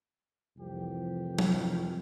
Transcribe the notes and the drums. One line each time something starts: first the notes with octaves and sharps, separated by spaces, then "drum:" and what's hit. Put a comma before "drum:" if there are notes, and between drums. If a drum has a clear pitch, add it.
C2 F2 A2 E3 F3 G4
drum: tom F#3